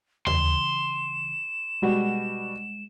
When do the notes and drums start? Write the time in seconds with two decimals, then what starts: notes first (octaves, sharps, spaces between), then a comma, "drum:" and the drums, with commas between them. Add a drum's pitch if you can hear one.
0.27 C#3 E3 C6 E7, drum: tom D#2
1.82 B2 G3 G#3 F#4